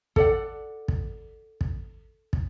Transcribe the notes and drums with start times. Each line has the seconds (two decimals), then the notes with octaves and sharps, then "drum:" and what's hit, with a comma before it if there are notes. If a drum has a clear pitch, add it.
0.16 A4 D5 F#5, drum: kick
0.88 drum: kick
1.61 drum: kick
2.33 drum: kick